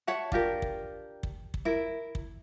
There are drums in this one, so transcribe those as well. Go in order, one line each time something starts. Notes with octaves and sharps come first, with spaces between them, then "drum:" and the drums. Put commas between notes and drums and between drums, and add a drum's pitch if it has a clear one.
C#5 E5 F#5 A5
D4 F4 G4 A#4, drum: kick
drum: kick
drum: kick
drum: kick
E4 A#4
drum: kick